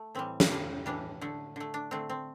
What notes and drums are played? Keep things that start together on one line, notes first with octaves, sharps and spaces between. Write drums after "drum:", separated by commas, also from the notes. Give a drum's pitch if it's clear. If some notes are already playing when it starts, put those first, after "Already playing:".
Already playing: A3
A2 E3 G3 C4
drum: snare
D3 G3
A2 E3 G3 D4
D3 A3
D3 A3
D4
D3 A3 C4
C4